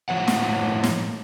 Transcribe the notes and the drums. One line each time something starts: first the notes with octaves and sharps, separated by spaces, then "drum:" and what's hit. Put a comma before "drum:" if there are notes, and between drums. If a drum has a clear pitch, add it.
A2 F3 C#5 F#5
drum: snare
drum: snare